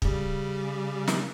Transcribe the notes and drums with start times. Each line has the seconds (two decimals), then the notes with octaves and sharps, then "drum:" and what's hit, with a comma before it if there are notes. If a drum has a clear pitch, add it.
0.02 C#3 G3, drum: kick
1.08 drum: snare